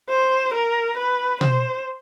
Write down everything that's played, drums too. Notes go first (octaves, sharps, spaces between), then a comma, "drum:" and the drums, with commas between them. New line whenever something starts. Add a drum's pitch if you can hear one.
C5
A#4
B4
C5, drum: tom B2